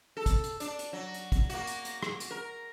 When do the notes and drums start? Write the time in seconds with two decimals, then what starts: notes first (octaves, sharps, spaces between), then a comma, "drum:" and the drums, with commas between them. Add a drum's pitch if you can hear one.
0.17 A4
0.26 drum: kick, hi-hat
0.44 drum: hi-hat
0.60 D4, drum: hi-hat
0.79 drum: hi-hat
0.93 F#3
1.14 drum: hi-hat
1.32 drum: kick, hi-hat
1.50 A#3 F#4, drum: hi-hat
1.67 drum: hi-hat
1.85 drum: hi-hat
2.03 drum: rim click
2.20 drum: hi-hat
2.31 A#4